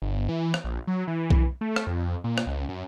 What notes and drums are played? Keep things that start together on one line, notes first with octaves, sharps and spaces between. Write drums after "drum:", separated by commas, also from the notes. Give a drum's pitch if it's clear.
G1
E3
drum: rim click
A#1
F#3
E3
drum: kick B1
A3
drum: rim click
F2
A#2
drum: rim click
C#2
F#2